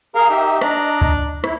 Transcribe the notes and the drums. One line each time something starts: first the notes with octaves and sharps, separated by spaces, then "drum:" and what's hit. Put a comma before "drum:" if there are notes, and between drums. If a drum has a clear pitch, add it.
G#4 A#4 F5
D#4 G4 E5
D4 D#5 A#5, drum: rim click
drum: kick
E4, drum: rim click